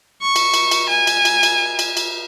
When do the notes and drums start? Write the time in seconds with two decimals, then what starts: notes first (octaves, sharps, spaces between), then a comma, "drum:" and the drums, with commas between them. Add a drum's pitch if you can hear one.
0.22 C#6
0.36 drum: cymbal
0.54 drum: cymbal
0.71 drum: cymbal
0.89 G#5
1.07 drum: cymbal
1.25 drum: cymbal
1.43 drum: cymbal
1.79 drum: cymbal
1.97 drum: cymbal